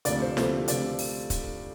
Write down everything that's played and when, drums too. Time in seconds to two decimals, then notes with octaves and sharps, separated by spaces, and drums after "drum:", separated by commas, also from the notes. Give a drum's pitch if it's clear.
0.05 D2 C3 F3 A3 D5, drum: hi-hat
0.21 C5
0.37 D2 C3 F3 A3, drum: snare
0.68 C3 F3 A3 D5, drum: hi-hat
0.99 drum: open hi-hat
1.30 drum: kick, hi-hat